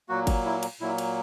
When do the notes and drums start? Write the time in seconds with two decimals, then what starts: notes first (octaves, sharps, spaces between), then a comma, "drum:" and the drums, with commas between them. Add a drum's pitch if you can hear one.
0.09 A#2 F#3 A#3 F#4
0.27 drum: kick G1, cymbal
0.45 E4
0.63 drum: cymbal
0.80 A#2 F#3 A#3 E4
0.98 drum: cymbal